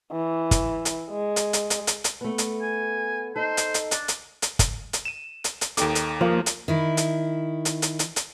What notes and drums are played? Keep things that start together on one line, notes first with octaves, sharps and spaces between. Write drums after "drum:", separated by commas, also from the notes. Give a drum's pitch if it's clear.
E3
drum: kick G1, hi-hat
drum: hi-hat
G#3
drum: hi-hat
drum: hi-hat
drum: hi-hat
drum: hi-hat
drum: hi-hat
A3 B3
drum: hi-hat
G#5
D#4 A4 C5
drum: hi-hat
drum: hi-hat
D4, drum: hi-hat
drum: hi-hat
drum: hi-hat
drum: kick G1, hi-hat
drum: hi-hat
D#7 E7
drum: hi-hat
drum: hi-hat
D#2 D#4 A4 G5 D6, drum: hi-hat
drum: hi-hat
F3 A#3
drum: hi-hat
D#3 E4
drum: hi-hat
drum: hi-hat
drum: hi-hat
drum: hi-hat
drum: hi-hat